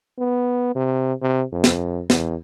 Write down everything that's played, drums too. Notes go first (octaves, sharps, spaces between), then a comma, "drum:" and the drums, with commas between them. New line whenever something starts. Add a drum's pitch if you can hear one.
B3
C3
C3
F2
drum: snare
E2, drum: snare